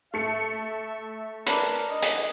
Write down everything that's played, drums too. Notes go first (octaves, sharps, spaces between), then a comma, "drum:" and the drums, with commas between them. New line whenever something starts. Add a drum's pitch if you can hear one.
A3 E5 C#7
D4 A#4 B4, drum: hi-hat
D#5
drum: hi-hat